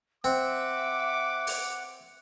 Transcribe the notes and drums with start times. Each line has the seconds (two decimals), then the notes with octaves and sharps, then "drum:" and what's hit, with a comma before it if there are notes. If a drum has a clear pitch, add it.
0.24 C4 E5 F#5 D6
1.47 drum: open hi-hat